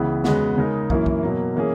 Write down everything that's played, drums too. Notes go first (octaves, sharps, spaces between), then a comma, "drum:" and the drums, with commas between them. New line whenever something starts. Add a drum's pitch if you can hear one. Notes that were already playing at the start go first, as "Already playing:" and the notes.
Already playing: C#2 C#3 E3 B3
E2 C#3 G#3 B3 F#4, drum: snare
C#3 G#3 D#4 A#4
F#2 E3 A#3 E4, drum: kick
drum: kick
B2 F#3 A#3
E3 A#3 C#4 G#4